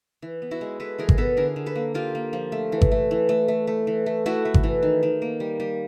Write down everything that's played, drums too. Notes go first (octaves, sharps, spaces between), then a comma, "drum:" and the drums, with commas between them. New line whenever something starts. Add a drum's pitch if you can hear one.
E3
B3
E4 F#4
G#3
G#3 A4 B4
E3 G#4 A#4
drum: kick G#1
B3 A4 B4
D3 G#4 A#4
D3
A4 B4
A#3
A#3 F4 G4
A#3
F3
A3
E3
drum: kick G#1
A3
E3
A3
A3
A3
E3
A3
A3 E4 F#4
A3
drum: kick G#1
E3
D#3
D#3
A#3
G3
G3